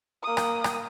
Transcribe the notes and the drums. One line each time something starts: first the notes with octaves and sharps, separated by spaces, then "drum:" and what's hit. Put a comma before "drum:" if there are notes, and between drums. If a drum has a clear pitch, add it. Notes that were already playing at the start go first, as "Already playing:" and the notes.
A#3 D#6
drum: rim click
drum: rim click